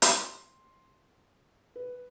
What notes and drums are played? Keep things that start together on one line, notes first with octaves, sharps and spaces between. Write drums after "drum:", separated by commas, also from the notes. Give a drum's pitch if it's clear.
C6, drum: hi-hat
B4